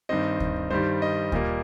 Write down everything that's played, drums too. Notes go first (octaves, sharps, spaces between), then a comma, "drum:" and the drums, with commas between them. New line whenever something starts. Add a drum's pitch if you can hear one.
G2 D#3 C4 D#5
drum: kick D2
G2 D#3 G3 C5
D#5
A#2 G3 A#3, drum: kick D2